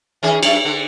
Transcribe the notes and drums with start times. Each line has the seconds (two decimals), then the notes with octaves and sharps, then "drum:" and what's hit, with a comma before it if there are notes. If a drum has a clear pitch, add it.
0.23 D#3 C#4 G#4
0.43 F#2 D4, drum: cymbal
0.65 D3